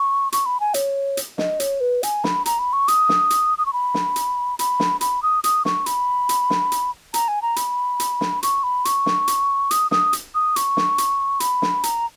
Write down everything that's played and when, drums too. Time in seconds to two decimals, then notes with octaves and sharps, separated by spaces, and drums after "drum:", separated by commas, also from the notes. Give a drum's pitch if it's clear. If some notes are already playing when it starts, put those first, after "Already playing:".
Already playing: C#6
0.32 C#6, drum: hi-hat
0.46 B5
0.60 G#5
0.74 C#5, drum: hi-hat
1.17 drum: hi-hat
1.38 D#5, drum: snare
1.60 C#5, drum: hi-hat
1.81 B4
2.03 G#5, drum: hi-hat
2.24 B5, drum: snare
2.46 A#5, drum: hi-hat
2.59 B5
2.73 C#6
2.88 D#6, drum: hi-hat
3.09 drum: snare
3.30 drum: hi-hat
3.58 D#6
3.66 C#6
3.73 B5
3.94 drum: snare
4.16 drum: hi-hat
4.59 B5, drum: hi-hat
4.80 drum: snare
5.01 B5, drum: hi-hat
5.23 D#6
5.44 D#6, drum: hi-hat
5.65 C#6, drum: snare
5.86 B5, drum: hi-hat
6.29 drum: hi-hat
6.50 drum: snare
6.72 drum: hi-hat
7.14 A#5, drum: hi-hat
7.28 G#5
7.42 A#5
7.56 B5, drum: hi-hat
8.00 drum: hi-hat
8.21 drum: snare
8.43 C#6, drum: hi-hat
8.63 B5
8.85 C#6, drum: hi-hat
9.06 drum: snare
9.28 drum: hi-hat
9.71 D#6, drum: hi-hat
9.91 D#6, drum: snare
10.13 drum: hi-hat
10.35 D#6
10.56 C#6, drum: hi-hat
10.77 drum: snare
10.98 drum: hi-hat
11.40 B5, drum: hi-hat
11.62 drum: snare
11.83 A#5, drum: hi-hat